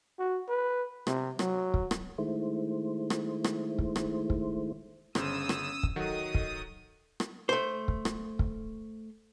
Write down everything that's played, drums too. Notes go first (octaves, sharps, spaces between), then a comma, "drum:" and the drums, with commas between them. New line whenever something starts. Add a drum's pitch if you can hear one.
F#4
B4
C3, drum: rim click
F#3, drum: rim click
drum: kick
drum: rim click
D#3 G#3 A3 E4 C5
drum: rim click
drum: rim click
drum: kick
drum: rim click
drum: kick
G1 C#3 C#4 C5 D#6 E6, drum: rim click
drum: rim click
drum: kick
D#3 F#3 F#4 A4 D#5 D#6
drum: kick
drum: rim click
A3 C5
drum: kick
drum: rim click
drum: kick